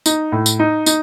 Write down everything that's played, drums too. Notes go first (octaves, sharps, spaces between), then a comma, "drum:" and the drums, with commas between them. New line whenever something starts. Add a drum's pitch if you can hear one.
D#4, drum: tambourine
A2
drum: tambourine
D#4
D#4, drum: tambourine